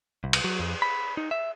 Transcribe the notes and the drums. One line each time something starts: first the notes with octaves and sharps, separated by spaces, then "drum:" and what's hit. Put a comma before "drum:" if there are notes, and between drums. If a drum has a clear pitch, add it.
C2
drum: cymbal
F#3
F2
B5
D#4
E5